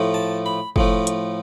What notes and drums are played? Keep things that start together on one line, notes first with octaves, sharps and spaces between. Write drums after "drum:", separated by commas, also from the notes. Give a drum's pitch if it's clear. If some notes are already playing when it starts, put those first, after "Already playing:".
Already playing: A2 F3 A3
A5
B5
A2 F3 A3, drum: kick
drum: hi-hat